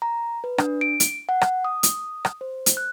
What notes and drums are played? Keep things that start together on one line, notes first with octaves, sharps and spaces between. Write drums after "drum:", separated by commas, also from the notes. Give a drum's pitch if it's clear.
A#5
B4
D4, drum: rim click
D7
drum: hi-hat
F#5
drum: rim click
D#6
drum: hi-hat
drum: rim click
C5
drum: hi-hat
F#6